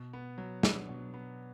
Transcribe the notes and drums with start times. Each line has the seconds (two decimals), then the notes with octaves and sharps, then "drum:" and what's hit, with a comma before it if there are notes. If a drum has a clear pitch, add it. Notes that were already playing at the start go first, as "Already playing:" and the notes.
Already playing: B2
0.13 B3
0.38 F#3
0.63 D4, drum: snare
0.89 B2
1.14 B3